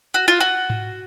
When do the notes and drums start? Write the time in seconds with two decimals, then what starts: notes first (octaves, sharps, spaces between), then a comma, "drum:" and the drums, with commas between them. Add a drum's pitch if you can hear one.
0.14 F#4
0.28 F4
0.40 F#4
0.70 drum: tom G#2